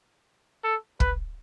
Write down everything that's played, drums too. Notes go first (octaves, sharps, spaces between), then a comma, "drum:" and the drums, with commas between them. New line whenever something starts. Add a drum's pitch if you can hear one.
A4
B4, drum: kick